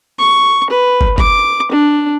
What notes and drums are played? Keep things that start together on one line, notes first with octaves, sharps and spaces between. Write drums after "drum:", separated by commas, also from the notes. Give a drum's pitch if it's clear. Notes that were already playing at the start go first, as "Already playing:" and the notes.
C#6
B4
drum: kick
D6, drum: kick
D4